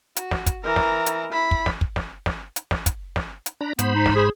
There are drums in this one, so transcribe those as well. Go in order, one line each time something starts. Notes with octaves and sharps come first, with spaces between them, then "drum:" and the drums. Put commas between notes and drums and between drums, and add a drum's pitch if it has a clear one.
F#4, drum: hi-hat
drum: snare
drum: kick, hi-hat
E3 A#4 A#5
drum: snare
drum: hi-hat
E4 B5
drum: kick
drum: snare
drum: kick
drum: snare
drum: snare
drum: hi-hat
drum: snare
drum: kick, hi-hat
drum: snare
drum: hi-hat
D4 A#5 B5
G#2 B3 C5 B5, drum: hi-hat
D#4
drum: snare
G#4